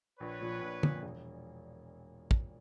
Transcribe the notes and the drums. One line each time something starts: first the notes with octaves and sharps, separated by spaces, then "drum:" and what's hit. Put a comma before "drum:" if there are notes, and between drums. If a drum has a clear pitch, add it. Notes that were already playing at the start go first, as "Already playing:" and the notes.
A#1 B4 C#5
A#2 F3
A#1
A#2 F3, drum: tom
E1
drum: kick